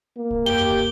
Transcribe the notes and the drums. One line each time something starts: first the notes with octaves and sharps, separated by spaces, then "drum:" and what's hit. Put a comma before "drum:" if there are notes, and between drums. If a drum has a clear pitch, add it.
A#3
drum: kick
G4 G7, drum: tom F2
drum: kick